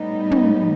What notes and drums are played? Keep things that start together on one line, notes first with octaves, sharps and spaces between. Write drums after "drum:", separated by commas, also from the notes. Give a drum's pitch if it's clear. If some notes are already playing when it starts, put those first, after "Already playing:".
Already playing: A2 G3 B3 D#4
drum: tom